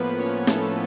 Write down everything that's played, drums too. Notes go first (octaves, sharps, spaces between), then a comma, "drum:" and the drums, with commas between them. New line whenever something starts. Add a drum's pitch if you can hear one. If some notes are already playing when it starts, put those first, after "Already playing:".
Already playing: A2 F3 A#3 B3 B4
C#4 C#5
A3 A4, drum: snare